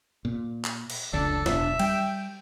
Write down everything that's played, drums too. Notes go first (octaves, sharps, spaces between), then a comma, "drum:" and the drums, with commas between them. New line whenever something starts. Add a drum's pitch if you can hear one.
A#2
drum: clap
drum: cymbal
F1 C#2 D4 A4
E1 E5, drum: snare
G3 G5, drum: cymbal